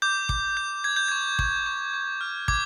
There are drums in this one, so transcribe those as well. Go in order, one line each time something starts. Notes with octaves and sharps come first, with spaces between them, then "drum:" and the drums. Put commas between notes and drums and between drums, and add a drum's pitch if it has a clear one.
D6 G6
D6, drum: kick
G6
G6 G#6
G6
C#6 G#6
C#6, drum: kick
C#6
C#6
F6
D6 G#6, drum: kick